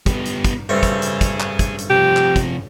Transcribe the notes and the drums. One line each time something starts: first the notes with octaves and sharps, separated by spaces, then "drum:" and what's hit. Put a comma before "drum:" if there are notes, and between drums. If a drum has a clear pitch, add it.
G3 B3, drum: kick, hi-hat
drum: hi-hat
drum: kick, hi-hat
G2 A3 C4 G#4 C#5
drum: kick, hi-hat
drum: hi-hat
drum: kick, hi-hat
drum: clap
drum: kick, hi-hat
drum: hi-hat
C3 F3 G4
drum: clap
drum: kick, hi-hat